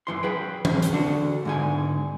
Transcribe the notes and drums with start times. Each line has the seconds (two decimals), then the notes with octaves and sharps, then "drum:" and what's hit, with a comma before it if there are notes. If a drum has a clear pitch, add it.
0.07 F#2 E3 C6
0.23 G#4 B4 G5
0.65 drum: tom
0.82 drum: hi-hat
0.93 D3 D4 F#4
1.45 G#2 D3 G#5